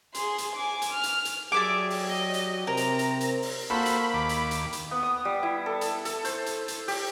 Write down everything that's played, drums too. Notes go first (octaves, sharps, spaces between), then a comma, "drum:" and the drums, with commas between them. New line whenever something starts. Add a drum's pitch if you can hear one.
G#4 C6, drum: hi-hat
drum: hi-hat
G#5 D6
drum: hi-hat
F6
drum: hi-hat
drum: hi-hat
F#3 G4 G#4 D5 E5 D6
drum: open hi-hat
D#5
drum: hi-hat
C3 C4 A#4 A#5
drum: hi-hat
drum: hi-hat
drum: hi-hat
drum: open hi-hat
A#3 F#4 A4 C5 B5
drum: hi-hat
D#2 D6
drum: hi-hat
drum: hi-hat
drum: hi-hat
B3
D#6
G3
E4
A4
drum: hi-hat
A4, drum: hi-hat
C5, drum: hi-hat
drum: hi-hat
drum: hi-hat
G4, drum: open hi-hat